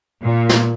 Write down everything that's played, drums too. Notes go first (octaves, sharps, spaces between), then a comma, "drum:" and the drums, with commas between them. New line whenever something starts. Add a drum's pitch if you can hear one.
A#2
drum: snare